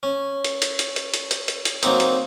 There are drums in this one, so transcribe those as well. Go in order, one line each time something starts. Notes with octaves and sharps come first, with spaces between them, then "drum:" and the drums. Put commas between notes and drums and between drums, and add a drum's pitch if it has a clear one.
C#4
drum: hi-hat
drum: hi-hat
drum: hi-hat
drum: hi-hat
drum: hi-hat
drum: hi-hat
drum: hi-hat
drum: hi-hat
F#3 A#3 C4 D#4, drum: hi-hat
drum: hi-hat